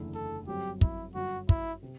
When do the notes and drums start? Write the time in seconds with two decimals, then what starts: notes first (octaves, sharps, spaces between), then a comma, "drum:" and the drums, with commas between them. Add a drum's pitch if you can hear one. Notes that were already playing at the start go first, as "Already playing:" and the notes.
Already playing: F#1 E2 D3 A3 E4
0.14 A4
0.47 G1 F#2 F#3 C4 G4
0.81 E4, drum: kick
1.15 G1 F#2 F#3 F#4
1.49 E4, drum: kick
1.83 C3